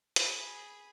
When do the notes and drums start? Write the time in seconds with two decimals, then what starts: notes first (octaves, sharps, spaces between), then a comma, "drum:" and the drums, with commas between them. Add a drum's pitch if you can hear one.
0.16 G#4 B5, drum: hi-hat